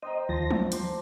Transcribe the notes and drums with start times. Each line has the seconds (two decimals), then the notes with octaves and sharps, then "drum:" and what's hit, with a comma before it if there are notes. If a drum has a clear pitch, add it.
0.02 C5 D#5 G5 A#5
0.29 D#2 F3 A5 C6 A#6
0.51 F3, drum: tom
0.72 G4 C5, drum: hi-hat